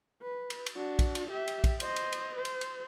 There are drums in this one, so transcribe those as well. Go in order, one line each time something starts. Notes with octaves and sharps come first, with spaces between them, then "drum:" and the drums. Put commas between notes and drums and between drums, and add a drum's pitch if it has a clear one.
B4
drum: cymbal
drum: cymbal
D4 F#4
drum: kick, cymbal
drum: cymbal
G4 E5
drum: cymbal
drum: kick, cymbal
C5 D#5, drum: cymbal
drum: cymbal
drum: cymbal
C5
drum: cymbal
drum: cymbal